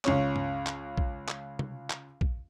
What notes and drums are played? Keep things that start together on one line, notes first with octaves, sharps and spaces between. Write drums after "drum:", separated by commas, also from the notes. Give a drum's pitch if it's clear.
C#2 C#4, drum: clap
drum: tom G2
drum: clap
drum: kick
drum: clap
drum: tom C3
drum: clap
drum: kick